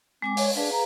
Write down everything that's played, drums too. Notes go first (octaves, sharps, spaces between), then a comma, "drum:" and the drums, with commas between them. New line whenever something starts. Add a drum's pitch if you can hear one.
G#3 C4 G#5 D6
C#5, drum: open hi-hat
D4 G#4 B4 F5
A#5